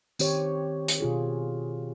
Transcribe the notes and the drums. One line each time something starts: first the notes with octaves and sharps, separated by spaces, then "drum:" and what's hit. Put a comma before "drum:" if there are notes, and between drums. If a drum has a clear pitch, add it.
D#3 C4 G4 C5 C#5, drum: tambourine
drum: hi-hat
B2 F4 G#4